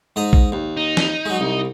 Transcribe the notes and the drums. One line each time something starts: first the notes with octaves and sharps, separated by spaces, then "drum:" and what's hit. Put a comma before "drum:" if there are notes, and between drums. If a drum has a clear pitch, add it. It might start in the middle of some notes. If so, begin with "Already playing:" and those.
G#2 D#5 A#5
drum: kick A#1
D#2
D#4
drum: snare
F#3 G#3
C2